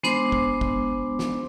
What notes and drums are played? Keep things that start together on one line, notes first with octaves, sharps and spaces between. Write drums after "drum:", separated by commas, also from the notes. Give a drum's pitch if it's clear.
G#3 B3 D4 C5 C6 D6, drum: snare
drum: kick
drum: kick
drum: snare